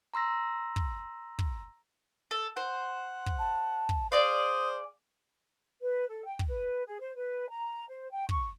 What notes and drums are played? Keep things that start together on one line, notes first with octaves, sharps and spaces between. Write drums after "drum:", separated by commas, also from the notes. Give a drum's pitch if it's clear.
A#5 C6 E6 A#6
drum: kick
drum: kick
A4
C5 F#5
drum: kick
A5
drum: kick
G#4 C5 D5 F5 D#6
B4
A4
G5
drum: kick
B4
G#4
C5
B4
A#5
C5
G5
C#6, drum: kick